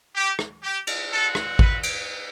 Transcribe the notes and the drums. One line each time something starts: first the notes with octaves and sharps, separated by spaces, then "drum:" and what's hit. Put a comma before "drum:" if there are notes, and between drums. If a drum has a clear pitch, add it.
G4
drum: rim click
G4
drum: cymbal
C4 F#4 A4
drum: rim click
B4, drum: kick G#1
drum: cymbal